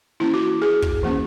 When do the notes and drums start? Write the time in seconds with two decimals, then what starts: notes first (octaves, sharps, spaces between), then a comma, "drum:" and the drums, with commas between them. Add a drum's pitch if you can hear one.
0.20 E3 A#3 C#4 E4
0.34 F#4
0.62 G#4
0.82 drum: kick
1.03 E3 A#3 C#4